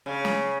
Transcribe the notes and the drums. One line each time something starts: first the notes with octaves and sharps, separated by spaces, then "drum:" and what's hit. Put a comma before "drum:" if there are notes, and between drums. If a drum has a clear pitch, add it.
C#3
drum: snare